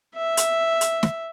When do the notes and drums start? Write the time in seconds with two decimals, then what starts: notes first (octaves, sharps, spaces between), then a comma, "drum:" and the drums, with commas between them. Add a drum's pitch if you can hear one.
0.15 E5
0.37 drum: hi-hat
0.81 drum: hi-hat
1.03 drum: snare